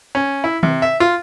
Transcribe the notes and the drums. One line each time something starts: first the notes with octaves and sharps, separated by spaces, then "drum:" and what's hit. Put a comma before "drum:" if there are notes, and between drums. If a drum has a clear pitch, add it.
C#4
E4
C3, drum: tom D#3
E5
F4